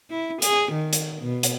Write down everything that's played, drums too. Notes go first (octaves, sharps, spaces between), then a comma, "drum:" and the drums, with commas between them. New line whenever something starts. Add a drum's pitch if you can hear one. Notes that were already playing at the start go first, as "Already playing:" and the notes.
E4
G#4, drum: hi-hat
D#3
drum: hi-hat
B2
drum: hi-hat